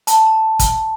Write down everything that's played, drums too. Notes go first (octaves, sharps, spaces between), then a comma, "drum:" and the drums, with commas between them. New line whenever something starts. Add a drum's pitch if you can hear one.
A5, drum: hi-hat
A5
drum: kick, hi-hat